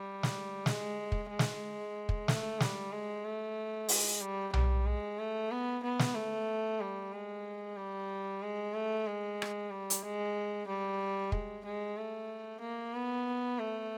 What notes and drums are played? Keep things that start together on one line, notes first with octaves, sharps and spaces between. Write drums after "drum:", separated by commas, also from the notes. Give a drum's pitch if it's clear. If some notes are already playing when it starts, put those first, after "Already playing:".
Already playing: G3
drum: snare
G#3, drum: snare
drum: kick
G#3
drum: snare
drum: kick
A3, drum: snare
G3, drum: snare
G#3
A3
G#3, drum: open hi-hat
G3
G3, drum: tom B1
G#3
A3
B3
B3
drum: snare
A3
G3
G#3
G3
G#3
A3
G#3
drum: rim click
G3
drum: hi-hat
G#3
G3
G#3, drum: kick
G#3
A3
A#3
B3
A3